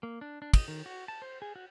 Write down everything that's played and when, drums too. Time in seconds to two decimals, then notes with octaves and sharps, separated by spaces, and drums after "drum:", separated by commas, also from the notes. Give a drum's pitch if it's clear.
0.03 A#3
0.21 D4
0.42 D4
0.54 D#5, drum: kick, cymbal
0.68 D#3
0.86 F#4
1.08 A5
1.22 C5
1.42 G#4
1.56 F#4